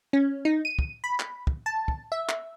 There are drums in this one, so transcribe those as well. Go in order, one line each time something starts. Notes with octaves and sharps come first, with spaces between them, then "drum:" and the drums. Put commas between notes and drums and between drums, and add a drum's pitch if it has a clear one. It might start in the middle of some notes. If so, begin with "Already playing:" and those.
C#4
D#4
D#7
drum: kick
B5
drum: clap
drum: kick
A5
drum: kick
E5
drum: clap